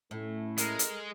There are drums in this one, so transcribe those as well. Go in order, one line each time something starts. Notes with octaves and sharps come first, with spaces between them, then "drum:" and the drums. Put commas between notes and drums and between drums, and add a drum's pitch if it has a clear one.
A2 A3 C#4 E4
G#3 A#4, drum: hi-hat
drum: hi-hat